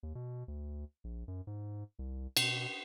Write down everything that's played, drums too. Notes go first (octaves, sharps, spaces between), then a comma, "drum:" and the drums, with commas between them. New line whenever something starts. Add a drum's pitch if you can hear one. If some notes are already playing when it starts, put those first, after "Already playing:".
D#2
B2
D2
A#1
F#2
G#2
C2
B2, drum: cymbal